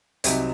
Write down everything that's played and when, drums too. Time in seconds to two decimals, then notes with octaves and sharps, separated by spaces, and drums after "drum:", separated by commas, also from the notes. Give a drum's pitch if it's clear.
0.24 C2 C3 F#3 C4 D#4 E5, drum: hi-hat